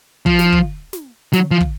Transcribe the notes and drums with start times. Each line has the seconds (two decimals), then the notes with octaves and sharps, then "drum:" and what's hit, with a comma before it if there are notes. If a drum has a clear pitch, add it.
0.26 F3, drum: kick
0.39 drum: snare
0.52 drum: kick
0.93 drum: snare
1.33 F#3, drum: snare
1.51 F3
1.60 drum: kick